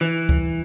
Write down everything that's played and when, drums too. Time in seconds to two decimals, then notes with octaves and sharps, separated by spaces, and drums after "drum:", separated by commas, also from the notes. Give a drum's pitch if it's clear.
0.01 E3
0.29 drum: kick C#2